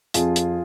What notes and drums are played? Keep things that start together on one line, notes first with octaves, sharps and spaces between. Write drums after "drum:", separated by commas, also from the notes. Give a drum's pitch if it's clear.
F2 F4 G#4, drum: hi-hat
drum: hi-hat